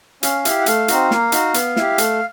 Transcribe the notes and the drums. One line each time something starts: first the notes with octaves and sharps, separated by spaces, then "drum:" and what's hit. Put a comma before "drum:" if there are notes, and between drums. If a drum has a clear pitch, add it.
C#4 F5, drum: hi-hat
E4 G4, drum: hi-hat
F#5
A3 F5, drum: hi-hat
C4 D#4 F#4, drum: hi-hat
A#3, drum: snare
D#4 F#4, drum: hi-hat
B3, drum: hi-hat
E4 G4, drum: snare
A3, drum: hi-hat